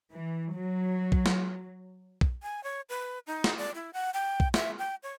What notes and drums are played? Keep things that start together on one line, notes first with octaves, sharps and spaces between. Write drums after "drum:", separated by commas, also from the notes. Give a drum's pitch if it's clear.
E3
F#3
drum: kick
drum: snare
drum: kick
G#5
C#5
B4
D#4
drum: snare
D5
E4
F#5
G5
drum: kick
E5, drum: snare
G5
C#5